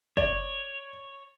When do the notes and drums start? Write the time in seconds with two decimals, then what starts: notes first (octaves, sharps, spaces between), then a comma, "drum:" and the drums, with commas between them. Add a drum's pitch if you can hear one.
0.17 C#5 D5, drum: kick